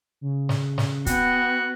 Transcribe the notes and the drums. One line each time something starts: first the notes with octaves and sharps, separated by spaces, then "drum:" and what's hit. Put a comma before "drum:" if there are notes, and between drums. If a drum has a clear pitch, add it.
C#3
drum: snare
drum: snare
B3 F#4 G5, drum: kick, hi-hat